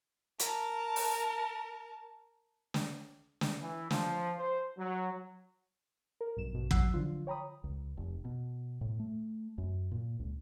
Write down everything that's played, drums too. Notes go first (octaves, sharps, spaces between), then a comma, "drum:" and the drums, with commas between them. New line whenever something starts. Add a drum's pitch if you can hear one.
A#4 A5, drum: hi-hat
drum: open hi-hat
drum: snare
drum: snare
E3
F3, drum: snare
C5
F#3
A#4
B1 G2 E7
A#1 B2
A1 F#3 F#5 E6 F#6 C7, drum: kick
D3 F3 F4
C#5 G5 A#5 B5 D#6
C#2
F1
B2
A2
A3
F#2
A#2
C#2